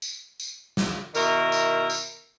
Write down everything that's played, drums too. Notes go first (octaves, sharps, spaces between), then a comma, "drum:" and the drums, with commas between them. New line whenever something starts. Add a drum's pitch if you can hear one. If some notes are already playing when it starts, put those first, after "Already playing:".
drum: tambourine
drum: tambourine
drum: snare
B2 D#3 E4 A#4, drum: tambourine
drum: tambourine
drum: tambourine